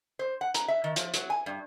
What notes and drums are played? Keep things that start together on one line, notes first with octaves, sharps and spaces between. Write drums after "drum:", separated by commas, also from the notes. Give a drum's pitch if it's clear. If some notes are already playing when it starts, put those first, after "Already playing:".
C5
F#5
A#5, drum: hi-hat
E5
D#3
F3, drum: hi-hat
F#3, drum: hi-hat
G#5
G2